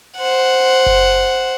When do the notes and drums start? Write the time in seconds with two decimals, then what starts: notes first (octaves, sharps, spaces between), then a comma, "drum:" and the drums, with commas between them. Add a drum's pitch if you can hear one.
0.17 C5 F#5
0.86 drum: kick F#1